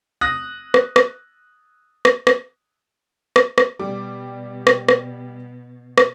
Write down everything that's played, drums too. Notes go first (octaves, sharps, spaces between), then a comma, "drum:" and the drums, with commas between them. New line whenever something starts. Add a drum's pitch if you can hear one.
D#6 F#6 A#6
drum: rim click
drum: rim click
drum: rim click
drum: rim click
drum: rim click
drum: rim click
B2 G3 D6
drum: rim click
drum: rim click
drum: rim click